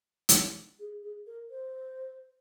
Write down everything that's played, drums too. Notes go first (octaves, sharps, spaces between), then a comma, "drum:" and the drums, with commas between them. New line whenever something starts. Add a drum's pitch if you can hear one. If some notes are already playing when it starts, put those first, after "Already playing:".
drum: hi-hat
G#4
G#4
A#4
C5